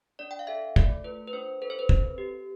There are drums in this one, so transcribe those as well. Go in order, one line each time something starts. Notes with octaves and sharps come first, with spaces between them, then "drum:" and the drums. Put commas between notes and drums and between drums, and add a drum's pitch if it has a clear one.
D4 D5
G5
F5
A4 E5
A3 D5, drum: kick
F4 B4
B4
D4 C5
A4 B4
C5
B4
C4, drum: kick
G4